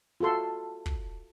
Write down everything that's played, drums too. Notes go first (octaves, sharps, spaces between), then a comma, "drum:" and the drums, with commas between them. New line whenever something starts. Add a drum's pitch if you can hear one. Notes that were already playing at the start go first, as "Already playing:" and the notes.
F4 F#4 A4 C6
drum: kick